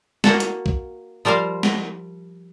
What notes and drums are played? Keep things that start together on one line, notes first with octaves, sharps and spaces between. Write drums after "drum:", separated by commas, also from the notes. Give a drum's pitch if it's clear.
A#3 F#4 A4, drum: snare
drum: hi-hat
drum: kick
F3 G3 A#4 C5 F5
drum: snare